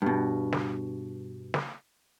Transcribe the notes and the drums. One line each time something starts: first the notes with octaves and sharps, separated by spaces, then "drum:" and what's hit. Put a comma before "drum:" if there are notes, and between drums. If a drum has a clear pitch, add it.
G2 B2
drum: snare
drum: snare